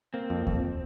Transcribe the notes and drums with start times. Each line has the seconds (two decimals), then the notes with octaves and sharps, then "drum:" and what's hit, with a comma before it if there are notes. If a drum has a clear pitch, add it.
0.14 A#3 C4
0.30 F2
0.47 F2, drum: kick D2